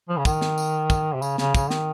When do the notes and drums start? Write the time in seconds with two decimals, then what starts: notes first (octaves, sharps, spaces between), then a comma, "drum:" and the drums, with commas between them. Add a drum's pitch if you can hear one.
0.09 F3
0.18 C#3
0.25 D#3, drum: kick, tambourine
0.42 drum: snare
0.58 drum: tambourine
0.90 drum: kick, tambourine
1.14 C3
1.22 C#3, drum: tambourine
1.38 C#3, drum: snare
1.55 C#3, drum: kick, tambourine
1.70 D#3, drum: snare